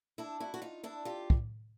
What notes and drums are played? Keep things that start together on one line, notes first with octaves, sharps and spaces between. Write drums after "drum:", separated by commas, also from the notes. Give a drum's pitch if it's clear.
D4 E4
E4 F#4
F#4
D#4 F4
D4 E4
F4 G4
drum: kick